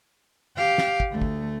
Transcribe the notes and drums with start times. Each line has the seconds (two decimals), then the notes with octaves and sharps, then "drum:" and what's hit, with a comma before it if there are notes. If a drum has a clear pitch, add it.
0.57 G4 F5
0.78 drum: snare
1.00 drum: kick
1.11 D2 A3
1.22 drum: kick